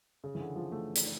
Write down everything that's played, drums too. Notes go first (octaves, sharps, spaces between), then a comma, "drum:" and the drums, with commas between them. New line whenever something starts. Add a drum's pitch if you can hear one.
C#3
E3
D3
F3
A3
drum: hi-hat